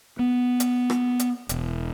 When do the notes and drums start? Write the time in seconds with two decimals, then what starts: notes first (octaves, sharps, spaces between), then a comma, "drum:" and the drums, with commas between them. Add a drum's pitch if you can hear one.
0.19 B3
0.60 drum: hi-hat
0.90 drum: rim click
1.19 drum: hi-hat
1.49 E1, drum: hi-hat